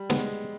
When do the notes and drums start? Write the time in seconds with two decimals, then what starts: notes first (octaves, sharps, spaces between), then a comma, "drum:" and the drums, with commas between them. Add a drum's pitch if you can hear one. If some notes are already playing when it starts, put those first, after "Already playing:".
Already playing: G3
0.10 G#3 B3, drum: snare